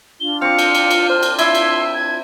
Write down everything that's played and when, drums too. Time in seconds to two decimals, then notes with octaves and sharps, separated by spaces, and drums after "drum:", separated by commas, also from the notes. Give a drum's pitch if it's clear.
0.20 D4 F4 G7
0.42 C4 F5 D6 C#7
0.59 drum: cymbal
0.75 drum: cymbal
0.91 drum: cymbal
1.10 C5 F6
1.23 drum: cymbal
1.39 E4 E5 C6, drum: cymbal
1.55 drum: cymbal
1.94 G#6